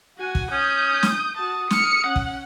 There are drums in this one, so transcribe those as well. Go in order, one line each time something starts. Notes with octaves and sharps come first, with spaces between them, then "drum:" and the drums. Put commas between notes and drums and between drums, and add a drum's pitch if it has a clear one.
F#4 F#5 G#5
drum: kick
C#4 D#6 G6
drum: snare
F#4 A5 D#6
F6 C#7, drum: snare
C#4 F#5
drum: kick